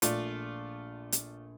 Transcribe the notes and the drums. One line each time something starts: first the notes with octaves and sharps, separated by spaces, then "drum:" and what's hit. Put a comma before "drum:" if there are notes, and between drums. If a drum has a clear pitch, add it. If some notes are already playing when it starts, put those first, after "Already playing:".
A#1 A3 F4 D5, drum: hi-hat
drum: hi-hat